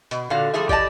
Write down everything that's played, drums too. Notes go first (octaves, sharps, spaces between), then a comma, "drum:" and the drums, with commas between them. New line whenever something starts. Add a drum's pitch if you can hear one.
B2, drum: hi-hat
A#2 D3 F#4 F5
F3 G3 A3 G#4 E5
G4 D5 D#5 F#5 A5, drum: kick